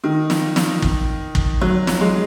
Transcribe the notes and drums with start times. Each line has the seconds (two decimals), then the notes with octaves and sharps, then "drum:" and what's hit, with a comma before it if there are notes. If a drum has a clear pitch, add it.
0.04 D#3
0.30 drum: snare
0.56 drum: snare
0.82 drum: kick
1.35 drum: kick
1.61 F#3
1.87 drum: snare
2.01 G#3